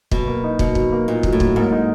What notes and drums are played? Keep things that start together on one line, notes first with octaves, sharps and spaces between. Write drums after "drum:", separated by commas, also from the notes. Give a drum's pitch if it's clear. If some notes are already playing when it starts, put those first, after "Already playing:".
B2 F#3, drum: kick
A#3
D#4
B2 F#3, drum: kick
F#3, drum: kick
A#3
A#2 D#4
F#3, drum: kick
A2
F#3, drum: kick
G#2 A#3
D#4